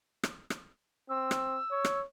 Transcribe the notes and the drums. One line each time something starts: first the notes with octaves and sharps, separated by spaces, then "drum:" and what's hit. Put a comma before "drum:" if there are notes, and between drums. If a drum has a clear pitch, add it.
drum: rim click
drum: rim click
C4 E6
drum: rim click
C#5
drum: rim click